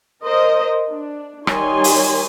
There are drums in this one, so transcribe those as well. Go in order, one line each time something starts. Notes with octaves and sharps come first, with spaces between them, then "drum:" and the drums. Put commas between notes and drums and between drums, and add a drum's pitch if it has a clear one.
A#4 C5 D#5
D4
D#3 G3 D#4 C#5 G#5 C6, drum: rim click
drum: open hi-hat